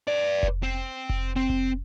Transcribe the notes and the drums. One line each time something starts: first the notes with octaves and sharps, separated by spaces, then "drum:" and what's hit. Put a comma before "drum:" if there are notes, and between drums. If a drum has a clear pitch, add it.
B4 D5
drum: kick F1
C4
drum: kick F1
C4
drum: kick F1